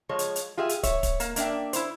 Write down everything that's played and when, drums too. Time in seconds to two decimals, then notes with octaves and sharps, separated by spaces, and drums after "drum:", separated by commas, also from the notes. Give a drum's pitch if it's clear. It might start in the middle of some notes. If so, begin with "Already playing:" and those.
0.09 F3 G#3 C#5
0.19 drum: hi-hat
0.36 drum: hi-hat
0.57 F4 G4 G#4 E5
0.69 drum: hi-hat
0.83 C#5 E5, drum: kick, hi-hat
1.03 drum: kick, hi-hat
1.20 A#3, drum: hi-hat
1.36 A#3 D4 E5 G5, drum: hi-hat
1.73 E4 C5, drum: hi-hat